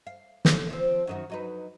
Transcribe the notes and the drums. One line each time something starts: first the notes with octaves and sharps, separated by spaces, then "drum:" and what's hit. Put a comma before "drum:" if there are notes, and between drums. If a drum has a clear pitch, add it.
F5
D3, drum: snare
F3 C4
F#2 D#3 F#4
F#3 D#4 B4